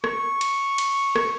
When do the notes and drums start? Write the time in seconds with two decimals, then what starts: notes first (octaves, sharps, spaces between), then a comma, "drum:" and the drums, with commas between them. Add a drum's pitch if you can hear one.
0.04 C#6, drum: rim click
0.41 drum: cymbal
0.78 drum: cymbal
1.16 drum: rim click